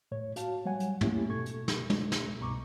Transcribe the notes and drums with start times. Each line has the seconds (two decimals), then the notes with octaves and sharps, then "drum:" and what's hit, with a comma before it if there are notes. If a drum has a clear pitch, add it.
0.12 A2 C#5
0.36 F#4 F5 A5, drum: hi-hat
0.65 F#3 G3 C#5 F#5 G#5
0.80 drum: hi-hat
1.01 A3 A#3 C#4 E4 G4, drum: tom
1.29 B2 A4 C#6 G#6
1.46 drum: hi-hat
1.68 drum: snare
1.90 drum: tom
2.12 drum: snare
2.39 C2 G2 B2 A#5 C#6 D6